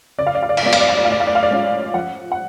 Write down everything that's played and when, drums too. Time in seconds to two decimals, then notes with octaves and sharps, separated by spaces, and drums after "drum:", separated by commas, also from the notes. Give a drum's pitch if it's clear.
0.18 C#3 D5
0.27 F5
0.35 D5
0.43 F5
0.49 D5
0.57 F5, drum: cymbal
0.63 G#3 B3 F4 D5
0.73 F5, drum: cymbal
0.81 D5
0.89 F5
0.97 D5
1.05 A2 F5
1.12 D5
1.20 F5
1.27 D5
1.35 F5
1.43 D5
1.51 G#3 C#4 F4
1.94 F3 F#5
2.32 F#5